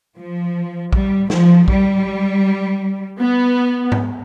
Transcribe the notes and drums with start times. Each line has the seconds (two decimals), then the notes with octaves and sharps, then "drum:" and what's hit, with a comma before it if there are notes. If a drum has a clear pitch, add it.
0.16 F3
0.93 G3, drum: kick A#1
1.30 F3, drum: snare
1.68 G3, drum: kick A#1
3.20 B3
3.92 drum: tom G#2